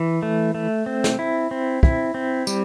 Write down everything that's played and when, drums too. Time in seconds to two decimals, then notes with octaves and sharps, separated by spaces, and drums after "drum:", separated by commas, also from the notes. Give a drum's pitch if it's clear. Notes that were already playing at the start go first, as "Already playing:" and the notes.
Already playing: E3
0.23 A3
0.55 A3
0.86 C4
1.04 drum: snare
1.19 E4
1.51 C4
1.83 E4, drum: kick
2.14 C4
2.47 G3, drum: tambourine